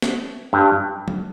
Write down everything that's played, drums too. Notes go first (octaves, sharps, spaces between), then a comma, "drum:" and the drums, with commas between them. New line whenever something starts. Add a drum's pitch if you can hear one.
drum: snare
G2
drum: tom F#3